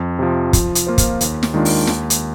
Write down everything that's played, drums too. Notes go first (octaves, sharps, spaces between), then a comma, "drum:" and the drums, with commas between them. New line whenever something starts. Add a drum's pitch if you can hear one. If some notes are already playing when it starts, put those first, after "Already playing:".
Already playing: F2
C3 F3
F3, drum: kick, hi-hat
drum: hi-hat
A#3 F4 C5
drum: kick, hi-hat
D#2, drum: hi-hat
drum: snare
D#3 G#3 D4 F4
drum: open hi-hat
D#2, drum: snare
drum: hi-hat